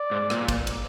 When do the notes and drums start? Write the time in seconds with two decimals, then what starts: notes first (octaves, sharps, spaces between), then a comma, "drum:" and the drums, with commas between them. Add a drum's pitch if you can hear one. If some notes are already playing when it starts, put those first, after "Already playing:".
Already playing: D5
0.11 G#2
0.30 A#2, drum: rim click
0.48 drum: kick, cymbal
0.67 drum: cymbal